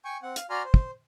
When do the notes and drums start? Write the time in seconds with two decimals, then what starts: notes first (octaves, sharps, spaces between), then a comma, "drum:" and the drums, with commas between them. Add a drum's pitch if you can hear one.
0.05 G5 G#5 C#6
0.23 C4 F#5
0.36 F5, drum: hi-hat
0.50 F#4 D5 G#5 A#5 C6 F6
0.65 C5
0.74 drum: kick